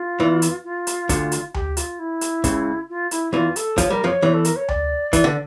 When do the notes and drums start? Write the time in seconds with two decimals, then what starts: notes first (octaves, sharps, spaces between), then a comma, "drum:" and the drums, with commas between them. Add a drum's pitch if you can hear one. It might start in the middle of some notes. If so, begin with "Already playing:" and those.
Already playing: F4
0.20 E2 E3
0.42 drum: hi-hat
0.64 F4
0.87 drum: hi-hat
1.09 D2 D3, drum: kick, hi-hat
1.32 drum: hi-hat
1.54 G4, drum: tom D2
1.77 F4, drum: hi-hat
1.99 E4
2.21 drum: hi-hat
2.44 C#2 C#3, drum: kick, hi-hat
2.89 F4
3.11 E4, drum: hi-hat
3.33 E2 E3 F4
3.56 A4, drum: hi-hat
3.78 F3 C#5, drum: kick, hi-hat
3.90 G3 A#4
4.04 F2 F3 C#5
4.22 E2 E3
4.33 A4
4.45 A#4, drum: hi-hat
4.56 C#5
4.68 D5, drum: tom D2
5.13 E3, drum: kick, hi-hat
5.24 D3